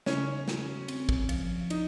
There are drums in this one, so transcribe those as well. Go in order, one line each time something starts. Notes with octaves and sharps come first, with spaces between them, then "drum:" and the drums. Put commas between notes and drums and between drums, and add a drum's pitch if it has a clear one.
C#3 C#4, drum: snare
F#4, drum: snare
C4, drum: cymbal
drum: kick
F3, drum: cymbal
D#4, drum: cymbal